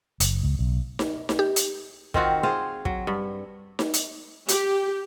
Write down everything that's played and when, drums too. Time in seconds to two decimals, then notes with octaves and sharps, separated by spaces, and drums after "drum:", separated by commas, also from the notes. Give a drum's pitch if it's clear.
0.20 F#1, drum: hi-hat
0.43 C#2
0.59 B1
0.99 drum: snare D#4
1.29 drum: snare D#4
1.39 G4
1.56 drum: hi-hat
2.14 D#3 C4 F4 F#4, drum: kick
2.43 F4 G#4 C5 F5
2.85 F#3, drum: kick
3.07 G2
3.79 drum: snare D#4
3.94 drum: hi-hat
4.48 G4, drum: hi-hat